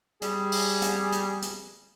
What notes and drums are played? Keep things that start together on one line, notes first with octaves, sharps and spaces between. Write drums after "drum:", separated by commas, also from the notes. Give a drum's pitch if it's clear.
G3 G#4, drum: hi-hat
drum: open hi-hat
drum: hi-hat
drum: hi-hat
drum: hi-hat